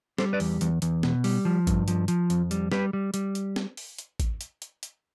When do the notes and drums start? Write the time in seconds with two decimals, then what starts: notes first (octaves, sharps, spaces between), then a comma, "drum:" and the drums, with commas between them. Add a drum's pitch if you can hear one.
0.18 G3 A4 C5, drum: snare
0.33 B4 D5
0.40 E2, drum: open hi-hat
0.61 E2, drum: hi-hat
0.82 E2, drum: hi-hat
1.03 B2, drum: snare
1.24 G3, drum: open hi-hat
1.45 F3
1.67 G2, drum: kick, hi-hat
1.88 F3, drum: hi-hat
2.08 F3, drum: hi-hat
2.30 F2, drum: hi-hat
2.51 G3, drum: hi-hat
2.72 G3 G4 B4, drum: snare
2.93 G3
3.14 G3, drum: hi-hat
3.35 drum: hi-hat
3.56 drum: snare
3.77 drum: open hi-hat
3.98 drum: hi-hat
4.20 drum: kick, hi-hat
4.41 drum: hi-hat
4.62 drum: hi-hat
4.83 drum: hi-hat